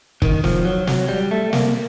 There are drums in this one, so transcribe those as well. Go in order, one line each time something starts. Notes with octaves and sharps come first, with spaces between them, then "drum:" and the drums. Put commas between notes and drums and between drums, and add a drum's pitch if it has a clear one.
D#3, drum: kick
F3, drum: snare
F#3
F#3, drum: snare
G3
A3
A#3, drum: snare